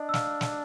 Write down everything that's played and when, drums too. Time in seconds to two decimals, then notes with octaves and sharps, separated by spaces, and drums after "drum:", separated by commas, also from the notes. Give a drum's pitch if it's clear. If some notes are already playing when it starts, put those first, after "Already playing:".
Already playing: D4 D#5 D#6
0.09 E6
0.14 F5 F6, drum: snare
0.41 drum: snare